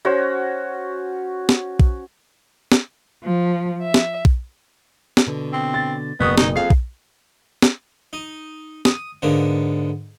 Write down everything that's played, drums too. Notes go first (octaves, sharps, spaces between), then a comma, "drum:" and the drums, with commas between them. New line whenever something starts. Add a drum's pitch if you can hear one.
C#4 F#4 C5
drum: snare
drum: kick
drum: snare
F3
E5
drum: snare
drum: kick
drum: snare
B2 D3
C4
A6
F#1 B3 C#6 D#6
B2 D#4, drum: snare
F2 G#4 F5 C7
drum: kick
drum: snare
D#4
D#6, drum: snare
G#2 D3 A#3 B3